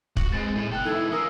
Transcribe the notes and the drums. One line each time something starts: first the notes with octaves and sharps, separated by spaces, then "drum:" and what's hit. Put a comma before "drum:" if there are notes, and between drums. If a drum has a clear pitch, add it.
F#4, drum: kick
G#3 C4 B4 A6
A2
F#1 B3 A4 G5 F#6
E3 G#3 D#4 E4 A4 G#6
C#4 F4 A#4 D#6 E6